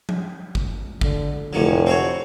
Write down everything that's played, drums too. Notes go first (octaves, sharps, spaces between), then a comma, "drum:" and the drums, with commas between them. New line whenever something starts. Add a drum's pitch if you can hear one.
drum: tom F3
drum: kick
D3, drum: kick
F1 A2 D3 F#3
C4 F#4 C#5